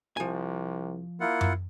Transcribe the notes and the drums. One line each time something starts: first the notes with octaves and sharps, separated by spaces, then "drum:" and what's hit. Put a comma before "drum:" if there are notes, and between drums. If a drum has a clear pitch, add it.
C2 F3 G#5
A#3 E4 F4 F#5
drum: tom F#2